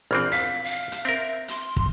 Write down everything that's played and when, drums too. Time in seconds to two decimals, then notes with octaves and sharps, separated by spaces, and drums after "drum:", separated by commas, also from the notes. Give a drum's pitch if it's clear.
0.11 A#1 E3 C4 F6 F#6
0.32 F5 B6
0.64 F5
0.92 drum: hi-hat
1.05 C4 A#4 E5
1.48 C6, drum: hi-hat
1.76 drum: kick